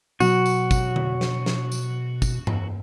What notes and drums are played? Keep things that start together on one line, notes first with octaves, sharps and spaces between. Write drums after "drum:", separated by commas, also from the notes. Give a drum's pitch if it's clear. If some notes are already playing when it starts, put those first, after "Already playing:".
B2 F#3 F#4, drum: tambourine
drum: tambourine
drum: kick, tambourine
drum: tom D3
drum: snare
drum: snare
drum: tambourine
drum: kick, tambourine
drum: tom G2